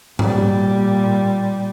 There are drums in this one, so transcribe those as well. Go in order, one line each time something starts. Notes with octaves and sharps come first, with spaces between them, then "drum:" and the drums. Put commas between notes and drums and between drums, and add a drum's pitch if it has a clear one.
A#2 G3, drum: tom G#2